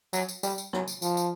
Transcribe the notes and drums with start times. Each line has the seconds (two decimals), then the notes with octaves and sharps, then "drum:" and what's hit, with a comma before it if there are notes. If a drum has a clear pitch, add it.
0.13 F#3, drum: tambourine
0.28 drum: tambourine
0.43 G3, drum: tambourine
0.58 drum: tambourine
0.73 F#3, drum: rim click
0.88 drum: tambourine
1.02 F3, drum: tambourine
1.17 drum: tambourine